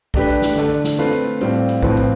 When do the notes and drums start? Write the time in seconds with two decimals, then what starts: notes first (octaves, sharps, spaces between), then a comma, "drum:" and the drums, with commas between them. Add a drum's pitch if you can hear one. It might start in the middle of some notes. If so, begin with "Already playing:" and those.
0.14 A3 D4 G4 B4, drum: kick A#1
0.28 drum: hi-hat
0.42 drum: snare
0.56 D3 A3 D4 A4, drum: hi-hat
0.84 drum: snare
0.99 A3 C4 F4 B4 F5
1.12 drum: hi-hat
1.41 A2 G3 C4 F4, drum: hi-hat
1.69 drum: hi-hat
1.83 A2 F3 C4 F4 B4, drum: kick A#1
1.97 drum: hi-hat